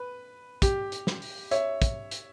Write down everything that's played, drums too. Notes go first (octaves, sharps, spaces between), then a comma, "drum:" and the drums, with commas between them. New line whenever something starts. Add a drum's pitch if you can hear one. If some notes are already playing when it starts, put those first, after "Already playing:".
Already playing: B4
G4, drum: kick, hi-hat
drum: hi-hat
drum: snare
drum: open hi-hat
C#5 E5, drum: hi-hat
drum: kick, hi-hat
drum: hi-hat